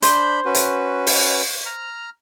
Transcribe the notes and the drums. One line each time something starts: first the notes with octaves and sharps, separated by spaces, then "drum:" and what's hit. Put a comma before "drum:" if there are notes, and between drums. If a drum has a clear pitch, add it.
D4 C5 B5 G6, drum: hi-hat
C#4 F#4 B4
drum: hi-hat
drum: open hi-hat
A#5 F6